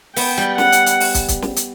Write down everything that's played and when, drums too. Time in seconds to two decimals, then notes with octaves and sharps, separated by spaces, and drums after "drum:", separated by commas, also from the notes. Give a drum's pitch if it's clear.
0.16 B3 G5, drum: open hi-hat
0.38 G3
0.58 F#5, drum: snare
0.72 drum: hi-hat
0.86 drum: hi-hat
1.00 drum: open hi-hat
1.14 drum: kick, hi-hat
1.28 drum: kick, hi-hat
1.42 drum: snare
1.56 drum: hi-hat